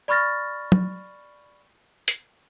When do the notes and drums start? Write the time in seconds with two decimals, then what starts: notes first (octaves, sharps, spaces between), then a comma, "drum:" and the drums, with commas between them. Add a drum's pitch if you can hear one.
0.08 D5 B5 C#6 F6 A6 A#6
0.72 drum: tom
2.08 drum: hi-hat